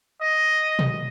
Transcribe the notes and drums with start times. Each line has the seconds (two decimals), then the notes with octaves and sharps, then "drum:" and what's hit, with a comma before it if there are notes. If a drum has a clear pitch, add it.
0.21 D#5
0.79 drum: tom B2